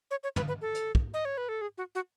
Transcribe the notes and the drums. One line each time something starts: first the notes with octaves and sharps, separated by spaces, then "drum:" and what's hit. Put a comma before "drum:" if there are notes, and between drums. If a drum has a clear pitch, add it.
C#5
C#5
B4, drum: tom
B4
A4
drum: hi-hat
drum: kick
D#5
C#5
B4
A4
G#4
F#4
F#4